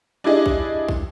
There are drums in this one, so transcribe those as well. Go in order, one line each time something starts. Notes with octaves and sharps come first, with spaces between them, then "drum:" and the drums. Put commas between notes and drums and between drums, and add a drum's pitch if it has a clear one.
D4 E4 G4 G#4 D5 D#5
drum: kick
drum: kick